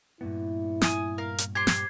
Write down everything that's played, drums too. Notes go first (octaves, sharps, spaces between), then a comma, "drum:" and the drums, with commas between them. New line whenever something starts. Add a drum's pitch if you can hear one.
G2 A#2 B3 E4
G#5 D#6, drum: snare
A#4 F5
drum: hi-hat
G4 C5 G#6 C7
drum: snare